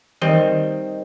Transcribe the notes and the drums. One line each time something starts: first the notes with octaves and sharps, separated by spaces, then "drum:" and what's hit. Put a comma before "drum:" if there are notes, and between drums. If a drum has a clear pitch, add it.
D#3 G3 C4 D#5, drum: tom D#3